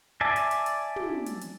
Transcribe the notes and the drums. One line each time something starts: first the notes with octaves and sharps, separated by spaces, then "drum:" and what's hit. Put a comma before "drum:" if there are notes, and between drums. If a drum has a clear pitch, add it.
D5 E5 G#5 A5
drum: hi-hat
drum: hi-hat
drum: hi-hat
drum: tom
drum: hi-hat
drum: hi-hat